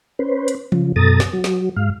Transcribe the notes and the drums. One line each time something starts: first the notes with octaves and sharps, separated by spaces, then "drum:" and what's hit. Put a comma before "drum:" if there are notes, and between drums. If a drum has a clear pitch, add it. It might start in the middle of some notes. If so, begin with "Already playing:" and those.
C#4 B4 C5
drum: hi-hat
C#3 F3, drum: tom
F#2 B2 A4 A#5 D#6 A6
drum: snare
F#3
drum: snare
G#2 F5